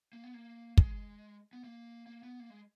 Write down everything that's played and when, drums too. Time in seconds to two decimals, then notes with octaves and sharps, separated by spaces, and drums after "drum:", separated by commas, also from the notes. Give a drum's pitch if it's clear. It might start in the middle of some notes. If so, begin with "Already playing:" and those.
0.13 A#3
0.24 B3
0.34 A#3
0.77 G#3, drum: kick
1.53 B3
1.64 A#3
2.07 A#3
2.23 B3
2.40 A#3
2.50 G#3